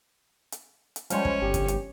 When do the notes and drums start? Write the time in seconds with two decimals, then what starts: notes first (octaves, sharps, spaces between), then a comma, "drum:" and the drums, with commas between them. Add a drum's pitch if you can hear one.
0.52 drum: hi-hat
0.96 drum: hi-hat
1.10 F3 G3 G#3 C#4, drum: hi-hat
1.25 drum: kick
1.42 G1 G4
1.54 drum: kick, hi-hat
1.68 drum: hi-hat